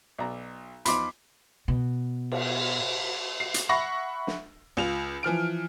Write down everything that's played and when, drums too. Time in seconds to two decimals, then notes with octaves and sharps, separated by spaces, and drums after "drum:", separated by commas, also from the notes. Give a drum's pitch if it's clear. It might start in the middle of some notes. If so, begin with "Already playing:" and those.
0.18 B1 D5 A#5
0.85 E2 F3 D#4 B5 C6 D6, drum: hi-hat
1.68 B2
2.32 drum: cymbal
3.40 C7
3.54 drum: hi-hat
3.69 E5 F#5 B5 C#6 A#6
4.27 drum: snare
4.77 C#2 F4 F7
5.23 E3 F3 F6 D7